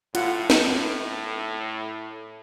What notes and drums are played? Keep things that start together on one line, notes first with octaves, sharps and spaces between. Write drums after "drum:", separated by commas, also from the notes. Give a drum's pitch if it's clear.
A2 F4 F#5, drum: hi-hat
drum: snare